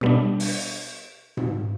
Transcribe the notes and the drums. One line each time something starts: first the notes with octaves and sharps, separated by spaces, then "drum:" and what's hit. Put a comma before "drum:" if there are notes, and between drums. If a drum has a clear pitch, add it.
B2 G3 B3 D4
drum: open hi-hat
drum: tom G#2